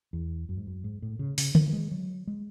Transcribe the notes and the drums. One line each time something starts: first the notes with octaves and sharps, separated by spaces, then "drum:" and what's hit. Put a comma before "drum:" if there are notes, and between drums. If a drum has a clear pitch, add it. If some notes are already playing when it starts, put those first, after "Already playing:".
E2
F#2
G#2
F#2
G#2
A2
C#3
C#3, drum: open hi-hat
E3, drum: tom D3
G#3
F#3
G#3